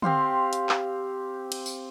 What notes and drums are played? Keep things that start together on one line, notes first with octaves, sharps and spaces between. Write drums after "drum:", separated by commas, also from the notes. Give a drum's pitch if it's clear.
C4 G4 F5 C6, drum: tom
drum: hi-hat
drum: clap
drum: cymbal
drum: tambourine